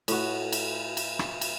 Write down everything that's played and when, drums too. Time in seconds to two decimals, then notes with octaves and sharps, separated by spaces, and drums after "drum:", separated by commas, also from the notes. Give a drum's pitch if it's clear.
0.08 A2 F#4, drum: cymbal
0.52 drum: cymbal
0.97 drum: cymbal
1.19 drum: rim click
1.41 drum: cymbal